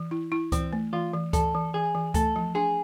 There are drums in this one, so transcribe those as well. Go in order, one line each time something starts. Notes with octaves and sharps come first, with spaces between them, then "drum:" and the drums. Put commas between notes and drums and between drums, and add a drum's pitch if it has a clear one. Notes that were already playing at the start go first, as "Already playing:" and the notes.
Already playing: E3
E4
E4
E3 C4, drum: kick C#2, hi-hat
A3
E3 F4
E3
E3 A4, drum: kick C#2, hi-hat
E3
E3 G#4
E3
A3 A4, drum: kick C#2, hi-hat
F3
D4 G#4